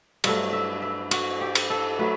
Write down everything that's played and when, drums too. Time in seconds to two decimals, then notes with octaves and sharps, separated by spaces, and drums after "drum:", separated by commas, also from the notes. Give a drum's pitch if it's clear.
0.24 G2 F#3 A3 E5, drum: cymbal
0.53 E5
0.82 E5
1.11 F#4, drum: cymbal
1.41 G4
1.55 drum: cymbal
1.70 A4
1.99 F#3 A3 B4